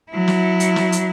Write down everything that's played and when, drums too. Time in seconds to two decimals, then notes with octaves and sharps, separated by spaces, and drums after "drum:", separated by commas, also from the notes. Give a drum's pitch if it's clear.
0.11 F#3 E4
0.28 drum: snare
0.60 drum: hi-hat
0.76 drum: snare
0.92 drum: hi-hat